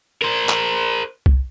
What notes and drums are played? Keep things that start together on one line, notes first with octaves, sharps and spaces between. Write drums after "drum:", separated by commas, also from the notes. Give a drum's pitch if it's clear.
A#4 C5
drum: clap
drum: kick C2